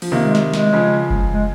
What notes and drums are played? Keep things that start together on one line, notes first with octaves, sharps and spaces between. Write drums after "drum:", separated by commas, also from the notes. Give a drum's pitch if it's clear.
F3, drum: open hi-hat
C3 D#3 A#3
G#3
drum: snare
G#3, drum: snare
C#3 F3
drum: kick F#1
G#3